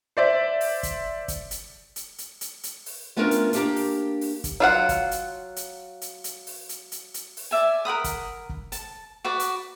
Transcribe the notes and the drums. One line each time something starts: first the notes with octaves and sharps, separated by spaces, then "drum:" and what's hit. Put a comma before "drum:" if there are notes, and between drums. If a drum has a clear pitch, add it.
C5 D5 E5
drum: open hi-hat
drum: kick, hi-hat
drum: kick, hi-hat
drum: hi-hat
drum: hi-hat
drum: hi-hat
drum: hi-hat
drum: hi-hat
drum: open hi-hat
A3 B3 C#4 D4 F4 A#4
drum: hi-hat
A#3 D4 G4 A#4, drum: hi-hat
drum: open hi-hat
drum: open hi-hat
drum: kick, hi-hat
F#3 F4 F#5
drum: kick, hi-hat
drum: hi-hat
drum: hi-hat
drum: hi-hat
drum: hi-hat
drum: open hi-hat
drum: hi-hat
drum: hi-hat
drum: hi-hat
drum: open hi-hat
D5 E5 G#5
A#4 F#5 B5 D#6
drum: kick, hi-hat
drum: kick
A5, drum: hi-hat
F#4 B4 D5
drum: hi-hat